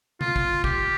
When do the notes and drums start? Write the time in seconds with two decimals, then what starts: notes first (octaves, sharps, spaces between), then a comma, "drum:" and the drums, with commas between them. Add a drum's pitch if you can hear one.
0.21 F4, drum: tom C#3
0.36 drum: kick
0.64 G4, drum: kick